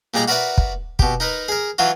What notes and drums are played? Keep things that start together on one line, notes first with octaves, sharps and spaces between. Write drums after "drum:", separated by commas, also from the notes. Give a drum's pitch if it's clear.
A#2 G3 G#3 D5 A#5 D6
F#4 A#4 B4 D5 E5 F#5
drum: kick
B2 G4, drum: kick
D#4 A#4 B4
G#4 A#4
E3 F#3 F4 F#4